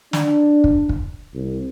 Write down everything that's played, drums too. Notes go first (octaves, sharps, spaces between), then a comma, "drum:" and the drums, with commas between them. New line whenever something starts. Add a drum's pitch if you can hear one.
D4, drum: snare
drum: kick
drum: kick
C2